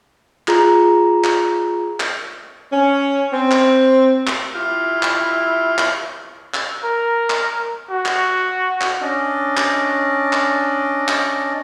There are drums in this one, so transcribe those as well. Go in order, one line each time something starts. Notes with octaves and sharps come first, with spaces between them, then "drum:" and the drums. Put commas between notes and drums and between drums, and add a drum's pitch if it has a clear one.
F4 G#4 A#5, drum: clap
drum: clap
drum: clap
C#4
C4
drum: clap
drum: clap
E4 F4 G4 F5
drum: clap
drum: clap
drum: clap
A#4
drum: clap
F#4
drum: clap
drum: clap
C#4 D4 D5 D#5
drum: clap
drum: clap
drum: clap